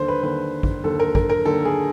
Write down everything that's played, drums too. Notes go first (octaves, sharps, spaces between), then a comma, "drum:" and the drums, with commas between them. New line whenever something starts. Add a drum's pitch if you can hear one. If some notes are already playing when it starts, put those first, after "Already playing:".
Already playing: D#2 D3 C5
B4
D#2 D3 B4
drum: kick
D#2 D3 A4
A#4
A#4, drum: kick
A#4
D#2 D3 A4
G#4